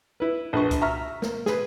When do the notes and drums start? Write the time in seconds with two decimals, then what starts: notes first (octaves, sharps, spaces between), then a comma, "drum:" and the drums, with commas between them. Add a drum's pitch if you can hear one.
0.20 E4 B4
0.53 A#1 B4 C#6
0.71 drum: kick C2, hi-hat
0.82 E5 A#5 C#6 F6
1.22 A#3, drum: snare
1.46 G#4 B4, drum: snare